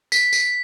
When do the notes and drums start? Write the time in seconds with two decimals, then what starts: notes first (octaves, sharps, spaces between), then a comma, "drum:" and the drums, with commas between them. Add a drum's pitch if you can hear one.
0.12 B6, drum: tambourine
0.33 drum: tambourine